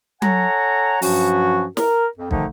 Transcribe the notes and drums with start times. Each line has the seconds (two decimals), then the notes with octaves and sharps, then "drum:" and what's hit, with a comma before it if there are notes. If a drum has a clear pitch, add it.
0.22 A4 C#5 F#5 G#5 A#5, drum: tom F#3
1.02 G2 F3 F#3 C#4 F#4, drum: open hi-hat
1.77 A#4, drum: snare
2.17 F2
2.31 B2 D3 D#3 F3 A3 D#4, drum: kick